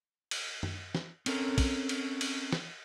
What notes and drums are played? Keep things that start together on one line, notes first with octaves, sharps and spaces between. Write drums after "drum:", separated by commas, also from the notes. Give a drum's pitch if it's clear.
drum: cymbal
drum: tom F#2
drum: snare
C4 C#4 A4 A#4, drum: cymbal
drum: kick, cymbal
drum: cymbal
drum: cymbal
drum: snare